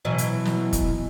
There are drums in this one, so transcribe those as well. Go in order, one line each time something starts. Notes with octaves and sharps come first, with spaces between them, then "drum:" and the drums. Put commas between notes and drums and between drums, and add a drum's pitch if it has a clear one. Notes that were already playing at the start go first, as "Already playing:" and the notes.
B2 E3 F#3
drum: hi-hat
drum: snare
drum: kick, hi-hat